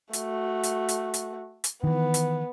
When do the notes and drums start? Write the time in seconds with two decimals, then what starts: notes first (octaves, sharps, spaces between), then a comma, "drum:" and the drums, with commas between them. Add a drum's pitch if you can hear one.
0.13 A3 F#4, drum: hi-hat
0.63 drum: hi-hat
0.89 drum: hi-hat
1.14 drum: hi-hat
1.64 drum: hi-hat
1.84 D#3 E3 B3
2.14 drum: hi-hat